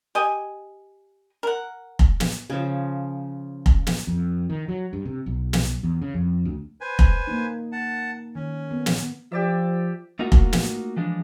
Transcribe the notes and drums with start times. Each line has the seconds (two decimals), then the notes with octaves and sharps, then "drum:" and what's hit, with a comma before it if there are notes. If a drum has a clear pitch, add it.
0.15 G4 D#5 G#5
1.43 A#4 F#5
1.99 drum: kick F1
2.20 drum: snare
2.50 C#3 F3
3.66 drum: kick F1
3.87 drum: snare
4.07 F2
4.50 D#3
4.68 F#3
4.93 G2
5.05 C3
5.26 B1
5.53 drum: snare
5.83 E2
6.02 C#3
6.14 F2
6.45 D2
6.81 B4 C5 G#5
6.99 drum: kick F1
7.27 A#3 D#4
7.72 F#5 A5
8.35 D#3 C#4
8.71 B3
8.86 drum: snare
9.32 F3 G4 D5 E5
10.19 A3 A#3 D#4 F4 F#4
10.32 drum: kick F1
10.53 drum: snare
10.96 E3 F3 G#3 D4